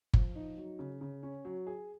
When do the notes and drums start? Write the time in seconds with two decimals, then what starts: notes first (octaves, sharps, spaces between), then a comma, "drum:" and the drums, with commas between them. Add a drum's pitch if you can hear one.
0.14 F3, drum: kick G1
0.36 D#4
0.57 F#3
0.79 C#3
1.01 C#3
1.23 C#4
1.45 F#3
1.67 G#4